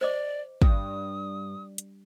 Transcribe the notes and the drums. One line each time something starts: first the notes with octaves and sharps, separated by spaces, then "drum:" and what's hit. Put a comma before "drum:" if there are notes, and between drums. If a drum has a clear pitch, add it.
C5 D5 D#5 D6
G2 D#6, drum: kick
drum: hi-hat